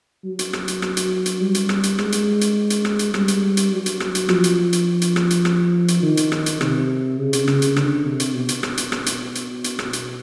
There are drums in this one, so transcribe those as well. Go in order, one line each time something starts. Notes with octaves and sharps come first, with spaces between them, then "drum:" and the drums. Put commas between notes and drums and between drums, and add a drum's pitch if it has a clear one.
F#3
drum: hi-hat
drum: rim click
drum: hi-hat
drum: rim click
drum: hi-hat
drum: hi-hat
G3
drum: hi-hat
drum: rim click
drum: hi-hat
G#3, drum: rim click
drum: hi-hat
drum: hi-hat
drum: hi-hat
drum: rim click
drum: hi-hat
G3, drum: rim click
drum: hi-hat
drum: hi-hat
F#3
drum: hi-hat
drum: rim click
drum: hi-hat
F3, drum: rim click
drum: hi-hat
drum: hi-hat
drum: hi-hat
drum: rim click
drum: hi-hat
drum: rim click
drum: hi-hat
D#3
drum: hi-hat
drum: rim click
drum: hi-hat
C3, drum: rim click
C#3
drum: hi-hat
C#3, drum: rim click
drum: hi-hat
D3, drum: rim click
C3
drum: hi-hat
B2
drum: hi-hat
drum: rim click
drum: hi-hat
drum: rim click
drum: hi-hat
drum: hi-hat
drum: hi-hat
drum: rim click
drum: hi-hat